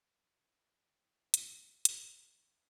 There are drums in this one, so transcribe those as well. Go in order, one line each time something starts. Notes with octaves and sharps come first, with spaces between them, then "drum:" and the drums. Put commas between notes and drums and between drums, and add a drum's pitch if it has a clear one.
G#2 F#3 B3 C4 E4 F4
G#2 C3 C4 E4
drum: hi-hat
drum: hi-hat